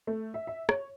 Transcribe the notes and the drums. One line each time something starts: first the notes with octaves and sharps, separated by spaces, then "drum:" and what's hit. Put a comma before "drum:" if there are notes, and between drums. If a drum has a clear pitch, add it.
A3
E5
E5
C#5, drum: rim click